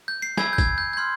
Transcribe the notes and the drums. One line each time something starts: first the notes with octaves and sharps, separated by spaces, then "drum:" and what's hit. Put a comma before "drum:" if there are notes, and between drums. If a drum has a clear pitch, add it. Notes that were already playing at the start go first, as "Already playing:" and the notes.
G6
C7
G#5 B5 E6 G#6, drum: snare
G6
G#6, drum: kick G#1, tambourine
G6
G6
C6 F6 G#6